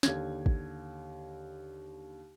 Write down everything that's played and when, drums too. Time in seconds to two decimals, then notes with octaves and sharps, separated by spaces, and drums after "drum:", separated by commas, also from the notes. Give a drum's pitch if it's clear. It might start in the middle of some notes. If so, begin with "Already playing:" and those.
0.03 D#2 D3 G#6, drum: snare
0.46 drum: kick G#1